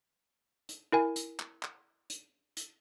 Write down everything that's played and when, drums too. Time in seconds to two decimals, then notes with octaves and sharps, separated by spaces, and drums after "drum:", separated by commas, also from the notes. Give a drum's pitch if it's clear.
0.69 drum: hi-hat
0.92 E4 A#4 G#5
1.16 drum: hi-hat
1.39 drum: clap
1.63 drum: clap
2.10 drum: hi-hat
2.57 drum: hi-hat